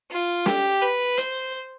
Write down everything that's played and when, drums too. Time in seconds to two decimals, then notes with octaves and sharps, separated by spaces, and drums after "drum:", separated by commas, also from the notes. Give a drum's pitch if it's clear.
0.11 F4
0.46 G4, drum: snare
0.82 B4
1.18 C5, drum: hi-hat